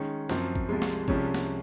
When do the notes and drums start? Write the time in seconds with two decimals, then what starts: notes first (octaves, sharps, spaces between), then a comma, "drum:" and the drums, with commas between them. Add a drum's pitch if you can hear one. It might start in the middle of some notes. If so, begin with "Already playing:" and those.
Already playing: D#3 G#3 C#4
0.29 F#2 F3 C4, drum: snare
0.55 drum: kick G#1
0.69 C2 C3 F3 G#3
0.82 drum: snare
1.08 C2 C3 F3 G#3 C#4, drum: kick G#1
1.34 drum: snare